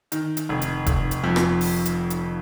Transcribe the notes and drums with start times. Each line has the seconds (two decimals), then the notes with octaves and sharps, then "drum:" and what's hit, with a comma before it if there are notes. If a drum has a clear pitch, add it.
0.12 D#3, drum: hi-hat
0.37 drum: hi-hat
0.49 F1
0.62 drum: hi-hat
0.86 F1, drum: kick, hi-hat
1.11 drum: hi-hat
1.24 F2
1.36 drum: rim click
1.61 drum: open hi-hat
1.86 drum: hi-hat
2.10 drum: hi-hat